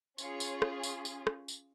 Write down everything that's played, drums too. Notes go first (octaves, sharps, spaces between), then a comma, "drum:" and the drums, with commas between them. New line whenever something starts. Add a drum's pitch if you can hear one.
C#4 F4 G#4 C#5, drum: tambourine
drum: tambourine
drum: rim click
drum: tambourine
drum: tambourine
drum: rim click
drum: tambourine